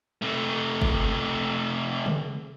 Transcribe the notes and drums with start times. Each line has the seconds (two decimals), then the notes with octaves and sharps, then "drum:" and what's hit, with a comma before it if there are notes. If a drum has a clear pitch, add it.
0.22 C3 A3
0.82 drum: kick
2.06 drum: tom C#3